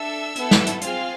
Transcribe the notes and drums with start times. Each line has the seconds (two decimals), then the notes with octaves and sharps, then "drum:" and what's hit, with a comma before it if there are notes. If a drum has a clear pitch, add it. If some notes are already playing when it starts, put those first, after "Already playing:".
Already playing: D4 A4 E5 E6
0.35 B3 E4 A4, drum: hi-hat
0.51 drum: snare
0.66 drum: hi-hat
0.81 C4 F4 G#4 F5 F6, drum: hi-hat